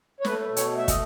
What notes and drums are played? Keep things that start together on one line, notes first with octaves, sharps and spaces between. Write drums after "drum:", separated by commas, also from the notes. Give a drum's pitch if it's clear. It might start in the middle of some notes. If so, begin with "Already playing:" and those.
C#5
A3 B4, drum: snare
B2
C#5, drum: hi-hat
A3
E5
D#5, drum: kick, hi-hat